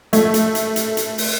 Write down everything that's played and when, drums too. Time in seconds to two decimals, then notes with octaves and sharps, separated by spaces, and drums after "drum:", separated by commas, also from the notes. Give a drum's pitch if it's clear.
0.13 A3, drum: hi-hat
0.34 drum: hi-hat
0.55 drum: hi-hat
0.76 drum: hi-hat
0.97 drum: hi-hat
1.18 drum: open hi-hat